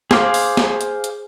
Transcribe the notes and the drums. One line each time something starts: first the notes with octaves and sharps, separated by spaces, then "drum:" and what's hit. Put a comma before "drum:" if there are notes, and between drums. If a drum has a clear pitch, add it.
G#4 C5 F5 D6, drum: snare
drum: open hi-hat
drum: snare
drum: hi-hat
drum: hi-hat